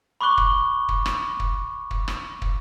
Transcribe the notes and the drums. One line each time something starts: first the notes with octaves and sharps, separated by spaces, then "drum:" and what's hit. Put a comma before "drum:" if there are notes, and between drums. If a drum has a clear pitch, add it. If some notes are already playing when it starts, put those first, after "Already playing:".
B5 C#6 D6 F#6 G7
drum: kick
drum: kick
drum: rim click
drum: kick
drum: kick
drum: rim click
drum: kick